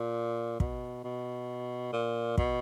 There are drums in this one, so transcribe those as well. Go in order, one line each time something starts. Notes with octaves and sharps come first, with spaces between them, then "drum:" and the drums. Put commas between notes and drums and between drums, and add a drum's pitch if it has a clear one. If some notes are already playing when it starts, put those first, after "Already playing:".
Already playing: A#2
B2, drum: kick
B2
A#2
B2, drum: kick